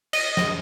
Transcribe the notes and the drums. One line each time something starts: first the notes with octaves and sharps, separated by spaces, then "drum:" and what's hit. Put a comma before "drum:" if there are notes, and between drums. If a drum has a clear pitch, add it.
D#5, drum: cymbal
drum: snare